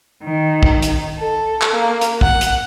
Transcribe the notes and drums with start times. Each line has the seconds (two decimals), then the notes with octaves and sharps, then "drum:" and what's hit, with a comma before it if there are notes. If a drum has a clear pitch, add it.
0.23 D#3
0.63 drum: kick
0.82 drum: hi-hat
1.18 A4
1.62 drum: clap
1.73 A#3
2.01 drum: hi-hat
2.21 F#5, drum: kick
2.41 drum: hi-hat